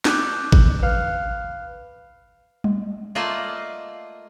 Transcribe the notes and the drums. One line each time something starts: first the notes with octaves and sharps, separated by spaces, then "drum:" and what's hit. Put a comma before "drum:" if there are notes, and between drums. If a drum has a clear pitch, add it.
D6 E6 F#6 G6, drum: snare
drum: kick G#1
B4 F5 F6
drum: tom G3
A3 A#3 F4 D5 D#5 A5